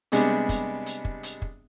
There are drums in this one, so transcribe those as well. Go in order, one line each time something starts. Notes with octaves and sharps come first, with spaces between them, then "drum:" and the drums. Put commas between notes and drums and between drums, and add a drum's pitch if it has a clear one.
C3 G3 G#3 B3 D4, drum: hi-hat
drum: kick, hi-hat
drum: hi-hat
drum: kick
drum: hi-hat
drum: kick